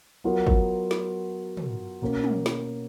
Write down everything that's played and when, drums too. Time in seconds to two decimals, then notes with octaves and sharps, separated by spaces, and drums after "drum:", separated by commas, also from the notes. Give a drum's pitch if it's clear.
0.24 F#3 B3 F4 A#4
0.47 drum: kick
0.91 drum: snare
1.57 drum: tom
2.02 B2 A#3 C#4
2.24 drum: tom
2.46 drum: snare